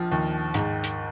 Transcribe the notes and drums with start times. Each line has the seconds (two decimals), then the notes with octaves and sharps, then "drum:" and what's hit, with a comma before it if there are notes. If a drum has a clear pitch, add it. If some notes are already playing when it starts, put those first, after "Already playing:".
Already playing: A#1 F3
0.12 D#2
0.54 G#2, drum: hi-hat
0.84 drum: hi-hat